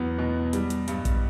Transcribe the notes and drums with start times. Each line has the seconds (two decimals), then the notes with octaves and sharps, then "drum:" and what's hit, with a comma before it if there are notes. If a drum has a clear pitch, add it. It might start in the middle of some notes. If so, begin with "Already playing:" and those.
Already playing: E2 F#3 B3
0.18 B2
0.53 G3, drum: hi-hat
0.70 drum: hi-hat
0.88 G2, drum: hi-hat
1.05 drum: kick A#1, hi-hat